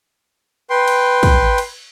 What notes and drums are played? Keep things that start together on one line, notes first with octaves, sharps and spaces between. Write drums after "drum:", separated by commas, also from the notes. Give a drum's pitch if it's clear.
B4 G5 C6
drum: cymbal
drum: kick, cymbal
drum: cymbal